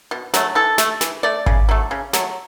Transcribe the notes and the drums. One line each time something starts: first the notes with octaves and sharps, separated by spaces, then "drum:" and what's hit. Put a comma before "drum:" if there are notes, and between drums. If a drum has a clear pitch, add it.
B2
F#3 A3, drum: snare
E3 A4
A3, drum: snare
E3, drum: snare
A3 D5
C#3, drum: kick G#1
F#3 A3
C#3
F#3 A3, drum: snare